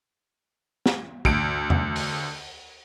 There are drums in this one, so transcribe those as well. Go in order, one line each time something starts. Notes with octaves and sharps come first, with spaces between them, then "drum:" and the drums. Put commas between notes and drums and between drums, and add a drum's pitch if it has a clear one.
drum: snare
D2 D7, drum: kick
drum: tom E2
drum: open hi-hat